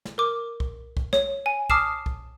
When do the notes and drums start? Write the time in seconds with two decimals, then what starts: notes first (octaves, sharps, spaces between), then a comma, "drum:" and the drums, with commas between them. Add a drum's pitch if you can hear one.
0.05 drum: snare
0.18 A#4 D6
0.60 drum: kick B1
0.97 drum: kick B1
1.13 C#5, drum: snare
1.46 G#5
1.70 A5 D6 D#6 F6 C7 E7, drum: kick B1
2.06 drum: kick B1